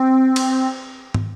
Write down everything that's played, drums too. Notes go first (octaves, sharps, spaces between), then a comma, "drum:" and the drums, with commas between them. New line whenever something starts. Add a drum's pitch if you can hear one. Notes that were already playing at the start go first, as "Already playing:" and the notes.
Already playing: C4
drum: cymbal
drum: tom